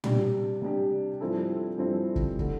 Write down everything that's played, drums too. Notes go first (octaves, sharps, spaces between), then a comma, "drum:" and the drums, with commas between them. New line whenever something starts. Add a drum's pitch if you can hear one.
C3 G3 D4 G4, drum: tom
C3 G3 D4 G4
G2 F3 C4 E4 A4
G2 F3 C4 E4 A4
drum: kick
D3 A3, drum: kick